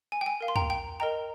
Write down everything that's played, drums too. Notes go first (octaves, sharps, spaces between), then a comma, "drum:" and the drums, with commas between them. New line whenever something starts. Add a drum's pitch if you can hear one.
G#5
G5
G#5
A#4 F5
C6
G5 A#5, drum: tom
G5
A#4 D#5 G5 A#5